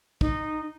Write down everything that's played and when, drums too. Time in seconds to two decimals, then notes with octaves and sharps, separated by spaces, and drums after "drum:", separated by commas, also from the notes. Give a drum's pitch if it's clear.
0.21 D#4, drum: kick